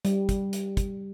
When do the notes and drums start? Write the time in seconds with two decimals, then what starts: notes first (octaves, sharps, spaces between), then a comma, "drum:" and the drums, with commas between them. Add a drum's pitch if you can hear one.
0.05 G3, drum: hi-hat
0.29 drum: kick, hi-hat
0.53 drum: hi-hat
0.77 drum: kick, hi-hat